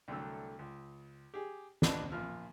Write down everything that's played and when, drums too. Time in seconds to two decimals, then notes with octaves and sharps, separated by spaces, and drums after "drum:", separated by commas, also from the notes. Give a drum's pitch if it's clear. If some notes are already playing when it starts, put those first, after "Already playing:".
0.08 C2 D3 F#3 A3 E6
0.59 C#2
1.34 G4 G#4
1.82 D4 B4 D#5 A5, drum: snare
2.12 A#1 F4 F6